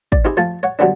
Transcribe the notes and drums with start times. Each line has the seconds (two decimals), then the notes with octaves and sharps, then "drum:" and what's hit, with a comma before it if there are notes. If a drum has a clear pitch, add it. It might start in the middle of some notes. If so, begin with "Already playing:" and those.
0.12 D5, drum: kick
0.25 C4 D#4 E4 G4 G#4
0.37 F3 A3 G#5 A5
0.63 C#5 F#5
0.79 D3 F#3 G3 B3 C4 D4